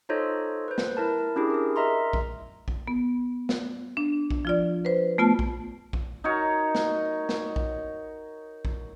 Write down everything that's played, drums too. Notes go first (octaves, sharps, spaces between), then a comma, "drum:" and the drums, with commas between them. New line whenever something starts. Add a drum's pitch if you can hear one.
D#4 F4 A4 C5 C#5 D#5
B4 C5
drum: snare
E4 A#4 A5
C#4 D4 E4 G4 G#4
G#4 A#4
A#4 D#5 E5 A#5 C6
drum: kick A#1
drum: kick A#1
B3
drum: snare
D4
drum: kick A#1
F3 F4 D5
B4 C5
A3 B3 F4 A5
drum: kick A#1
drum: kick A#1
D#4 F#4 A#4 C#5
drum: snare
drum: snare
drum: kick A#1
drum: kick A#1